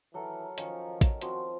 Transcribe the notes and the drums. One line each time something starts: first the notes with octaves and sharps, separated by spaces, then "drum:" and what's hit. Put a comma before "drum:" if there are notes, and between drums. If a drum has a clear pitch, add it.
E3 F#3 A4 A#4
D#3 F3 C#4 C#6, drum: hi-hat
drum: kick, hi-hat
F3 C4 F#4, drum: hi-hat